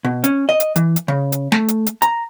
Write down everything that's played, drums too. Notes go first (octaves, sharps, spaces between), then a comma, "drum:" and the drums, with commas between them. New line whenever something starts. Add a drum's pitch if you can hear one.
B2
C#4, drum: hi-hat
D#5
drum: hi-hat
E3, drum: hi-hat
drum: hi-hat
C#3
drum: hi-hat
A3, drum: snare
drum: hi-hat
drum: hi-hat
A#5, drum: hi-hat